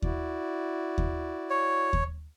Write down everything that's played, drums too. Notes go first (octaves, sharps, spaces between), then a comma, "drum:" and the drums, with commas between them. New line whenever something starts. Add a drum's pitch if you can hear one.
E4 F#4 D5, drum: kick D#2
drum: kick D#2
C#5
drum: kick D#2